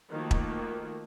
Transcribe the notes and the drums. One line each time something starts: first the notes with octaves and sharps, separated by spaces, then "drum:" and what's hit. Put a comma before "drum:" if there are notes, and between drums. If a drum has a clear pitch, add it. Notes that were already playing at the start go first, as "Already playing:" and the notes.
D#3 F3 A3 A#3 F#4
drum: kick E1